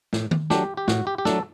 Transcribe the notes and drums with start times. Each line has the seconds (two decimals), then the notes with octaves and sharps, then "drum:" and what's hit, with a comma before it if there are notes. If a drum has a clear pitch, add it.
0.13 A2, drum: snare
0.31 drum: tom D#3
0.50 F#3 A3 D4 G4, drum: snare
0.77 G4
0.88 A2 F#4, drum: snare
1.07 G4
1.18 G4
1.25 F#3 A3 D4 A4, drum: snare